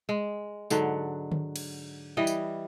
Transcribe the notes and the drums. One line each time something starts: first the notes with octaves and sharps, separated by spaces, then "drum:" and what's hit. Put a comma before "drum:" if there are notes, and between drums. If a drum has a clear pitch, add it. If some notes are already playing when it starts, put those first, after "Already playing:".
G#3
G#2 D3 F#3, drum: tambourine
drum: tom D3
drum: cymbal
E3 G3 D#5
drum: tambourine